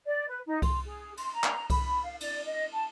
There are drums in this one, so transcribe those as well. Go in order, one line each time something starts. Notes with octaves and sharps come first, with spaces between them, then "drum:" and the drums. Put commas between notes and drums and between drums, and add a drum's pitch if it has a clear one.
D5
B4
D#4
C6, drum: kick C2, cymbal
G#4
C6, drum: cymbal
A#5
drum: clap
B5, drum: kick C2, cymbal
F5
D5, drum: cymbal
D#5
A5